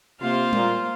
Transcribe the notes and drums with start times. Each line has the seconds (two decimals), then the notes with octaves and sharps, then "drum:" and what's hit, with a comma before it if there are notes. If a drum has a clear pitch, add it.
0.21 C3 A#3 F4 C5 F5
0.53 A#2, drum: tom G3